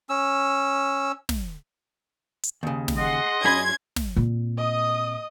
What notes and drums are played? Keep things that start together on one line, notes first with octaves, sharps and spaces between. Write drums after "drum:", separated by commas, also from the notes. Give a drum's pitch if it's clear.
C#4 E6
drum: snare
drum: hi-hat
D#2 C#3
drum: snare
G#4 D#5 F#5 C6
F#2 C#4 G#4 B5 C6 G#6
drum: snare
A#2 C4
D#5 D#6